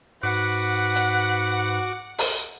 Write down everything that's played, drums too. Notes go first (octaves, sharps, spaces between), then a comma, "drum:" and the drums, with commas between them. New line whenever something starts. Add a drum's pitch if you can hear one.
G#2 F#4 B4 F#5 D6
drum: hi-hat
drum: open hi-hat